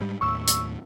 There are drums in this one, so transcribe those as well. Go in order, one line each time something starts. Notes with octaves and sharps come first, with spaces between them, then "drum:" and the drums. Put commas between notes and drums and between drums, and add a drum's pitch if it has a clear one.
G#2 G3
D#2 A2 C#6 E6
drum: hi-hat